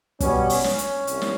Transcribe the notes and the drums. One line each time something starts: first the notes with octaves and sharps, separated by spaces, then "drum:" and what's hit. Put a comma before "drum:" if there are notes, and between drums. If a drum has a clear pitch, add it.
B2 G3 B3 C#4, drum: kick, hi-hat
drum: open hi-hat
C#4, drum: snare
drum: hi-hat
C2, drum: hi-hat
drum: snare